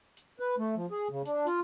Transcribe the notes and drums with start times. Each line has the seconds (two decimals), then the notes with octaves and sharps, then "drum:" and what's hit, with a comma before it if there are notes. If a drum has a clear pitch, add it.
0.17 drum: hi-hat
0.40 B4
0.58 A3
0.76 F3
0.91 G#4
1.10 C#3
1.25 D4, drum: hi-hat
1.47 F4, drum: hi-hat